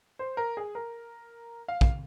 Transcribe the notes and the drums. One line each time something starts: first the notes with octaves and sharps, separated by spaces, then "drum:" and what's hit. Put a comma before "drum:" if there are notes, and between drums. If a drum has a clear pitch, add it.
C5
A#4
G#4
A#4
F5
drum: kick